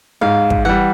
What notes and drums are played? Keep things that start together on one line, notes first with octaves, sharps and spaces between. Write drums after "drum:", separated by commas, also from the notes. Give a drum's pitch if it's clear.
G#2 F5
drum: kick
E3 G3 F#5